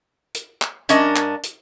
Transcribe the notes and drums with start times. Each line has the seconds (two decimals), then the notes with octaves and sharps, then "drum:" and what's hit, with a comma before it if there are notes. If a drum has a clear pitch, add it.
0.34 drum: hi-hat
0.62 drum: clap
0.89 G2 C#4 D4 A#4 D#5, drum: hi-hat
1.16 drum: clap
1.43 drum: hi-hat